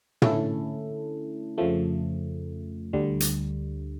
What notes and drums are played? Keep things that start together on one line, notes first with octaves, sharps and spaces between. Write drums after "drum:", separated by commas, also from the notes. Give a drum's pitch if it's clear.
D3 A3 C#4 E4 A4, drum: tom
F2 C#3 F3 A3
D2 D3 G3
drum: hi-hat